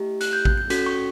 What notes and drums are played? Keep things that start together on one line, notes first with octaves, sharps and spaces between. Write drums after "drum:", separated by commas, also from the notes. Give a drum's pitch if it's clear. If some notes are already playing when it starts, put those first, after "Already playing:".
Already playing: A3 E4 G4
F#6, drum: hi-hat
G6
G6, drum: kick A1
G6
C#4 F#4 A4 B6, drum: hi-hat
C#6